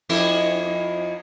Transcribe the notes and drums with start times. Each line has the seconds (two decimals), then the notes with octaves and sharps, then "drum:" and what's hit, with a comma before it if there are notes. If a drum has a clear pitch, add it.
0.09 F2 E4, drum: cymbal